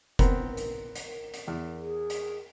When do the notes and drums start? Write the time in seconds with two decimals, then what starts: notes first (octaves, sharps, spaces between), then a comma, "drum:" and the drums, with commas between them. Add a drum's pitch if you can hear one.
0.19 B3 C4 A#4, drum: kick F1, hi-hat
0.57 drum: hi-hat
0.96 drum: hi-hat
1.34 drum: hi-hat
1.47 E2
1.80 G#4
2.10 drum: hi-hat